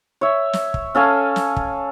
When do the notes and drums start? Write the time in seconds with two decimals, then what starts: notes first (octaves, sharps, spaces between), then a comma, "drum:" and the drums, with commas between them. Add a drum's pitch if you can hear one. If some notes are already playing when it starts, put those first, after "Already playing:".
0.21 C#5 E5
0.53 drum: snare
0.74 drum: kick
0.95 C#4 A4 F5 G#5
1.36 drum: snare
1.57 drum: kick